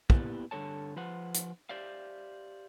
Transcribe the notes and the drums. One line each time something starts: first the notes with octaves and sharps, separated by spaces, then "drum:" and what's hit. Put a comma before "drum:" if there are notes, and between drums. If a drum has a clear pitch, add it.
A#3 B3 E4 G4 B4 D5, drum: kick
G2 D3 D#3 A4 C#5 A5
F3 B4 C5 F#5
drum: hi-hat
G4 C5 D5 E5 F5